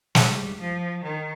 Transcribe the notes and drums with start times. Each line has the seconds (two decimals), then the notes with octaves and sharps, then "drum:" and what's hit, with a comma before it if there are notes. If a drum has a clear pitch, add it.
0.15 G3, drum: snare
0.60 F3
1.04 D#3